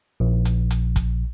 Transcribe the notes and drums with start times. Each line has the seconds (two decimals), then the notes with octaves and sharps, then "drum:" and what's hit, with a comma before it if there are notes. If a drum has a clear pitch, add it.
0.20 A#1
0.45 drum: hi-hat
0.71 drum: hi-hat
0.96 drum: kick, hi-hat